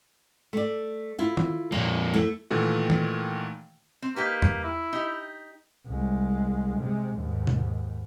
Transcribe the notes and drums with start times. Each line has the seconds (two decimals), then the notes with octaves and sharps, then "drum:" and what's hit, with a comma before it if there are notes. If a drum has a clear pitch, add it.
0.53 A3 D5
1.19 E4 F4
1.37 drum: tom D#3
1.72 F2 A#2 A#3
2.14 A3 E4
2.50 A#2 D#3 E3 A3 F#4
2.90 drum: tom D#3
4.02 C4
4.16 A#3 D#4 G4 B4
4.42 drum: tom E2
4.64 E4
4.93 D#4 G4
5.86 C2 G#3
6.79 C3 G#3
7.15 D#2 G#2
7.47 drum: tom B2